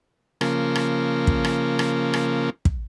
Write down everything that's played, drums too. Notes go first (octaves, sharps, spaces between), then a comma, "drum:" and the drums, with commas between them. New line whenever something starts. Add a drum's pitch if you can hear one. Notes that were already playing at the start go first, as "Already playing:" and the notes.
C#3 F3 A#3, drum: rim click
drum: rim click
drum: kick
drum: rim click
drum: rim click
drum: rim click
drum: kick